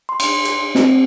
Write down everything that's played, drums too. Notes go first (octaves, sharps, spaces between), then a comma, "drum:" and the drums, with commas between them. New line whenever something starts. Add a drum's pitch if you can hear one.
C6
drum: cymbal
drum: hi-hat
C4, drum: snare